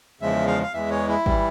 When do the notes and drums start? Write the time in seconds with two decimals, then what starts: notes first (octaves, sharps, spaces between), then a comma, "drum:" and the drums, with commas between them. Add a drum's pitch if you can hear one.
0.21 E2 C#3 F3 G#3 E5
0.47 F5
0.63 F5
0.73 E2 E3 G#3 E5
0.91 C#5
1.09 E4
1.26 E3 G3, drum: kick G#1